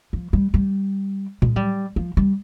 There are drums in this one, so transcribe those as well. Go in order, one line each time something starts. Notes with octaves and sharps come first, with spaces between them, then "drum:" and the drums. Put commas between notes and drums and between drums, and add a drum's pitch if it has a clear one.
F3
G3
G3
G#3, drum: tom
G3, drum: tom
F3
G3